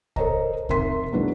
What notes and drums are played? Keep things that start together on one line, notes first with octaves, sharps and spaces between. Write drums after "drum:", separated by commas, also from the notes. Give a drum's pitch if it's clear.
A4 A#4 C5 C#5 D#5 A#5, drum: kick C2
F1 D#3 A#4 E5 C6 B6, drum: kick C2
B2 F#3 G#3 D4 E4 B4